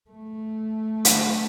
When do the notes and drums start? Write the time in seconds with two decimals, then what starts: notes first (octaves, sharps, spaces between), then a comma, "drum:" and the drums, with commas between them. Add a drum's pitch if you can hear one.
0.10 A3
1.05 drum: hi-hat